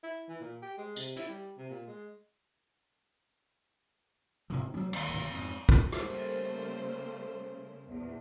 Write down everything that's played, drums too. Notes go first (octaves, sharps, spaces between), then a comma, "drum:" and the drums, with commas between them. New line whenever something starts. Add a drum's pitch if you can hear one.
E4
E3
A#2
G4
G#3
C3, drum: tambourine
E4, drum: hi-hat
G3
C3
A#2
G#3
G#2 C3 E3
C3 F#3 G3 C#4
D#2, drum: cymbal
D1 G#1 D#2 C3
F2 G#2
drum: kick
C#3 G3 A3 A#3 C5, drum: rim click
drum: open hi-hat
A#1 E2